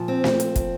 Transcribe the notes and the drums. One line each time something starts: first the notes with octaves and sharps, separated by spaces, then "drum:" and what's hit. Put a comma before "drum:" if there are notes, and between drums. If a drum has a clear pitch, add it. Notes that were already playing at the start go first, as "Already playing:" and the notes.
Already playing: A#2 F3
C4
drum: snare
drum: hi-hat
drum: kick, hi-hat